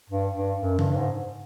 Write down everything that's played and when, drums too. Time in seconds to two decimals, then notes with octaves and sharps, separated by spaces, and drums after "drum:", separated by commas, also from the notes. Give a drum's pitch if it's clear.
0.10 G2
0.35 G2
0.62 F#2
0.79 G2, drum: tom C#3
0.91 G2
0.96 G#2